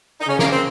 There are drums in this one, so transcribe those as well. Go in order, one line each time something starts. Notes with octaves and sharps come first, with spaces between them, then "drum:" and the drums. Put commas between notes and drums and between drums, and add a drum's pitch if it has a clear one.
D#4
C#3 C#4
A#3, drum: snare
C4